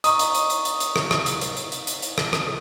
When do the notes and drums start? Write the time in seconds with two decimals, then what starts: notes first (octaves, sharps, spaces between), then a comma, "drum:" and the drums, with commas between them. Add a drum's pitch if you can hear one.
0.04 D#5 A#5 C#6 D#6, drum: hi-hat
0.19 drum: hi-hat
0.35 drum: hi-hat
0.50 drum: hi-hat
0.65 drum: hi-hat
0.80 drum: hi-hat
0.96 drum: rim click
1.11 drum: rim click
1.26 drum: hi-hat
1.41 drum: hi-hat
1.57 drum: hi-hat
1.72 drum: hi-hat
1.87 drum: hi-hat
2.02 drum: hi-hat
2.18 drum: rim click
2.33 drum: rim click